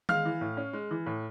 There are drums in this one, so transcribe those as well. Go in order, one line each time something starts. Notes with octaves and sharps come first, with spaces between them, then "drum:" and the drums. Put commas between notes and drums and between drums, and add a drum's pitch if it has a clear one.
G#3 F5 F6, drum: tom D#3
E3
A2
C#4
G#3
E3
A2